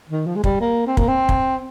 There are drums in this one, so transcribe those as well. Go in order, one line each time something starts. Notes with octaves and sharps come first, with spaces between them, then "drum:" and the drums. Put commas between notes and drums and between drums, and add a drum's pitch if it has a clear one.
D#3
F3
G#3
G3, drum: kick
A#3
C4
A#3, drum: kick
C4
drum: kick